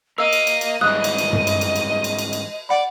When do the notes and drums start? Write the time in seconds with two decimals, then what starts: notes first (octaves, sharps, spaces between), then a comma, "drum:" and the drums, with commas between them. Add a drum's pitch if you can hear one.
0.18 A#4 D#5 F5 E6
0.33 drum: cymbal
0.47 drum: cymbal
0.61 drum: cymbal
0.81 G#2 E3 G3 D#5 F5 D#6 F#6
1.04 drum: cymbal
1.18 drum: cymbal
1.33 drum: tom
1.47 drum: cymbal
1.61 drum: cymbal
1.76 drum: cymbal
2.04 drum: cymbal
2.19 drum: cymbal
2.33 drum: cymbal
2.69 D5 F#5 B5